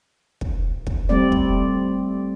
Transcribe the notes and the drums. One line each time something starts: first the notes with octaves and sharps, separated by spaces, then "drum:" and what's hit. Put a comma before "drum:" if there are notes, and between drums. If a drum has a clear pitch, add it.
drum: kick
drum: kick
G3 A3 C4 D5
drum: kick